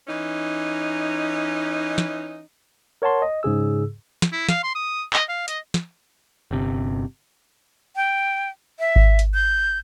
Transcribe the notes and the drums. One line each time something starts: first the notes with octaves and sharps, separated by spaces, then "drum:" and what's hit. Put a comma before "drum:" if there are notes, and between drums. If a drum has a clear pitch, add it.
E3 C#4 D#4
drum: snare
A#4 C#5 F#5 A5 C6
D#5
G#2 C#3 G#4 E6
drum: snare
E4
F5, drum: snare
C6
D#6
D#5, drum: clap
F5
D#5, drum: hi-hat
drum: snare
G1 C3
G5
E5
drum: kick G#1
drum: hi-hat
G6